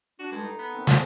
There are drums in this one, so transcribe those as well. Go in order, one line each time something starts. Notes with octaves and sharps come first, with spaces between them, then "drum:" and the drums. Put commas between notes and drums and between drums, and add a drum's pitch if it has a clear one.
D4 F#4
G2 G#3 A4
D#4
B3
D#3 C4
G3 G#4 A4, drum: snare